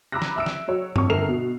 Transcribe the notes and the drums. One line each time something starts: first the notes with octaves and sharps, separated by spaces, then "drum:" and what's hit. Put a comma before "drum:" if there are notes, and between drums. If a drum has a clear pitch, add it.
A#5 B5 D6 E6 F#6 A#6
drum: snare
E5 E6 D7
drum: snare
F#3 C#5
F2 C#6, drum: tom G2
G1 A4 A#4 C7 F7
B2